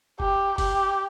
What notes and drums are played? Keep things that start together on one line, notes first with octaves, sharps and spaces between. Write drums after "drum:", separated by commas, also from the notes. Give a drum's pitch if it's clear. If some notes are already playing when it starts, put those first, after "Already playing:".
G4, drum: kick F#1
G4, drum: kick F#1, open hi-hat